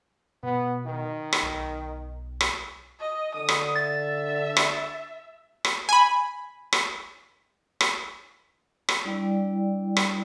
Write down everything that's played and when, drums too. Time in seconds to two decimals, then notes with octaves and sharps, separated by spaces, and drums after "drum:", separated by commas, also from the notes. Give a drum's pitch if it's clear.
0.43 B2 B3
0.86 D#3
1.33 drum: rim click
1.43 B1
2.41 drum: rim click
3.00 D#5
3.35 D3 D#6
3.49 drum: rim click
3.76 E5 A6
4.57 drum: rim click
5.65 drum: rim click
5.89 G#5 B5
6.73 drum: rim click
7.81 drum: rim click
8.89 drum: rim click
9.05 G3 D4 E4 D5 G5
9.97 drum: rim click